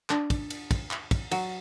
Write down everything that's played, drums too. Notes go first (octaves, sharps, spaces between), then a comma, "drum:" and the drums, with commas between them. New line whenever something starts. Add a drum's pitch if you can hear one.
D4, drum: clap
drum: kick, cymbal
drum: cymbal
drum: kick, cymbal
drum: clap
drum: kick, cymbal
F#3, drum: cymbal